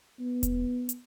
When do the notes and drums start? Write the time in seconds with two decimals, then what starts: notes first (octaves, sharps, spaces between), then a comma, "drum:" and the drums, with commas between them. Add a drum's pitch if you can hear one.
0.20 B3
0.43 drum: kick E1, hi-hat
0.89 drum: hi-hat